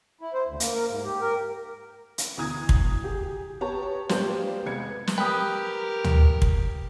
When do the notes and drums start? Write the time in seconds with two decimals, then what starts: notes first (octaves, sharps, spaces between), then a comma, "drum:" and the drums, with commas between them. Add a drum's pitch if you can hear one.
0.21 E4
0.33 C5
0.47 D2
0.60 A#3, drum: hi-hat
0.74 A#4
0.89 G#2
1.04 G4
1.21 A#4
2.18 drum: hi-hat
2.38 D2 B2 E3 A#5 D#6 G#6
2.69 drum: kick
3.04 G4 G#4
3.61 B3 G4 C#5 A5 A#5
4.09 A#3 B3 D4 F4 G4 C5, drum: snare
4.66 F1 G#3 B3 B4 G#6 C#7
5.07 drum: snare
5.18 G4 A#4 B4 G5 D#6
6.04 drum: tom
6.42 drum: kick